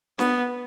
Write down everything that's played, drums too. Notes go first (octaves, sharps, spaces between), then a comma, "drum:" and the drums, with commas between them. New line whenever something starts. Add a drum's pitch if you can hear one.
B3, drum: snare